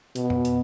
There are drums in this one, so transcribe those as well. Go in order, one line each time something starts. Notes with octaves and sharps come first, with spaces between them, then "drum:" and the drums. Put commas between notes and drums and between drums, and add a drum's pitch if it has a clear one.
B2, drum: hi-hat
drum: tom F2
drum: hi-hat